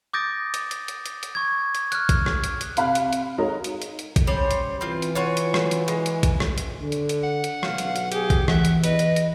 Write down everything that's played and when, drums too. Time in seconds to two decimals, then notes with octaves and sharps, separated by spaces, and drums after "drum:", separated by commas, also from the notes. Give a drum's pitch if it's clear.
0.13 D6 D#6 G6 A6 A#6 D7
0.54 drum: hi-hat
0.71 drum: hi-hat
0.88 drum: hi-hat
1.06 drum: hi-hat
1.23 drum: hi-hat
1.35 C#6 G#6
1.75 drum: hi-hat
1.92 F6 F#6, drum: hi-hat
2.09 drum: kick A#1, hi-hat
2.26 drum: rim click
2.44 drum: hi-hat
2.61 drum: hi-hat
2.77 C3 F5 B5 F#6, drum: hi-hat
2.95 drum: hi-hat
3.13 drum: hi-hat
3.38 G#3 D#4 F#4 A#4 C#5 D#5
3.64 drum: hi-hat
3.82 drum: hi-hat
3.99 drum: hi-hat
4.16 drum: kick A#1, hi-hat
4.27 G3 C#4 C5 C#5
4.51 drum: hi-hat
4.81 E3 C4 F4
5.02 drum: hi-hat
5.15 F4 F#4 C#5
5.37 drum: hi-hat
5.54 drum: rim click
5.71 drum: hi-hat
5.88 G#3, drum: hi-hat
6.06 drum: hi-hat
6.23 drum: kick A#1, hi-hat
6.40 drum: rim click
6.58 drum: hi-hat
6.81 D3
6.92 drum: hi-hat
7.09 drum: hi-hat
7.24 F#5
7.44 drum: hi-hat
7.63 B1 F5, drum: rim click
7.78 drum: hi-hat
7.96 drum: hi-hat
8.12 G4 G#4, drum: hi-hat
8.30 drum: kick A#1, hi-hat
8.48 E3 E5 F#5, drum: rim click
8.65 drum: hi-hat
8.84 E2 B4 D#5, drum: hi-hat
8.99 drum: hi-hat
9.16 drum: hi-hat